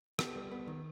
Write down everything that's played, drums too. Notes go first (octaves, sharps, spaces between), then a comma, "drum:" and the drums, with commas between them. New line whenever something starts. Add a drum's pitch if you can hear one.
B3 G4 A4, drum: rim click
G3
B3
D#3